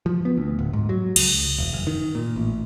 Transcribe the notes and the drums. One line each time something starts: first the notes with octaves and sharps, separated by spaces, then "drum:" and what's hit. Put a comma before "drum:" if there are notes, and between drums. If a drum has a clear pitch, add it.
F3
B3
D2
D1
G#2
F#3
C#2, drum: cymbal
E1
F#1
D#3
A#2
A1